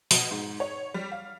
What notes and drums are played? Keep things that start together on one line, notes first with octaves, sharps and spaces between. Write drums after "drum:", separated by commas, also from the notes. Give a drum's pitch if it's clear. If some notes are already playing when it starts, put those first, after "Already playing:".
B2, drum: open hi-hat
G#2
C#5
G3
F5